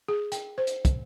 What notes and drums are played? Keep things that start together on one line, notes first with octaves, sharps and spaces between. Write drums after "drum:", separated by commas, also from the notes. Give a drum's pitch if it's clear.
G#4
G5, drum: hi-hat
C5
drum: hi-hat
drum: kick, hi-hat